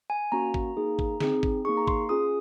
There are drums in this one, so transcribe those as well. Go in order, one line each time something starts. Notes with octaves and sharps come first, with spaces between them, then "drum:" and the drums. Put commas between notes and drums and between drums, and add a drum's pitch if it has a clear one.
G#5
A#3 C#4 F#4 A#5
drum: kick
A#3 D#4 G#4
drum: kick
C4 D#4 G#4, drum: snare
drum: kick
A#3 D#4 G#4 C#6
A#5
C6, drum: kick
C#4 F4 G#4 D#6